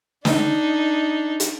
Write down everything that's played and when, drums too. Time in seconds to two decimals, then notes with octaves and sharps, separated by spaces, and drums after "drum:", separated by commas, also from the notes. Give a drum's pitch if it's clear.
0.25 D4 D#4, drum: snare
1.40 drum: hi-hat